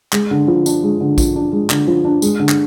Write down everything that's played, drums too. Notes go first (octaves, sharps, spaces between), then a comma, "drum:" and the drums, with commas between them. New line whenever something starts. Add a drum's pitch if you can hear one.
G#3, drum: clap
D3
F3
D4, drum: tambourine
G#3
D3
F3, drum: kick, tambourine
D4
G#3
D3, drum: clap
F3
D4
G#3, drum: tambourine
D3
drum: clap